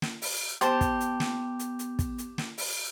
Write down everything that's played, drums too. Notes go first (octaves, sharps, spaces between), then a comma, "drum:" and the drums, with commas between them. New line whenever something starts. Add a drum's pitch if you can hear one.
drum: snare
drum: open hi-hat
B3 G4 C5 A5, drum: hi-hat
drum: kick, hi-hat
drum: hi-hat
drum: snare
drum: hi-hat
drum: hi-hat
drum: kick, hi-hat
drum: hi-hat
drum: snare
drum: open hi-hat